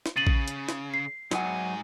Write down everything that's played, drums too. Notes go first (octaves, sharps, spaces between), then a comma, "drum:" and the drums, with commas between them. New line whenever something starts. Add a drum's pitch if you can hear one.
drum: snare
C#3 A6 D#7 F#7
drum: kick A#1
drum: hi-hat
drum: snare
C7
G#2 F#3 D#5 F#5 G#5, drum: snare